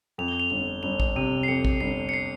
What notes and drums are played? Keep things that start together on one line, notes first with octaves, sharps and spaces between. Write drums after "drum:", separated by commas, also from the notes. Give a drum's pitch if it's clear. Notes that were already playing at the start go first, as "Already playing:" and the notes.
F2 F7
G7
F7
G1 F7
G1 F7
drum: kick A#1
C3 D#7
C7
F2 C#7
drum: kick A#1
G1 C7
C#7
C7